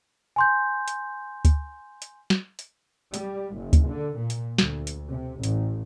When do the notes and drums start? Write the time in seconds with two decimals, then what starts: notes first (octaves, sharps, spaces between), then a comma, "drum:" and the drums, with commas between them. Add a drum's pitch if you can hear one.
0.36 G#5 C6 G6
0.88 drum: hi-hat
1.45 drum: kick D2, hi-hat
2.02 drum: hi-hat
2.30 drum: snare
2.59 drum: hi-hat
3.14 G3, drum: hi-hat
3.55 F#1
3.73 drum: kick D2, hi-hat
3.89 D3
4.18 A#2
4.30 drum: hi-hat
4.58 D2, drum: snare
4.87 drum: hi-hat
5.12 C3
5.44 A1, drum: hi-hat